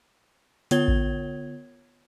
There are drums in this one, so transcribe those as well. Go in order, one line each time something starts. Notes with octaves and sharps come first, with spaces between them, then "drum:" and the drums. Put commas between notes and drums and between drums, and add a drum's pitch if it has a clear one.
D3 B3 F4 C#5 G#6 G7, drum: hi-hat
drum: kick A1